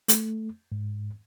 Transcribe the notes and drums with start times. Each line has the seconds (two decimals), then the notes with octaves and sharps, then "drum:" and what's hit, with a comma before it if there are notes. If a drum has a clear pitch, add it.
0.08 A3, drum: hi-hat
0.72 G#2